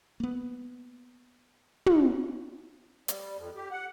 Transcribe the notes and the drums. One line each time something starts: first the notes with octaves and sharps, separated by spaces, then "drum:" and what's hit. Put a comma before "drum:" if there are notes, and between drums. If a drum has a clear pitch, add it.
A#3 B3
drum: tom
G3, drum: hi-hat
F2
G4
F#5